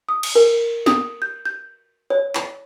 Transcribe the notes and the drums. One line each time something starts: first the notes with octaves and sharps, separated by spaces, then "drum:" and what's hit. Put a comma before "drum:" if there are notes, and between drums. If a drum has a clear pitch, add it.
D#6
drum: cymbal
A#4
D#6, drum: snare
G6
G6
C#5
drum: clap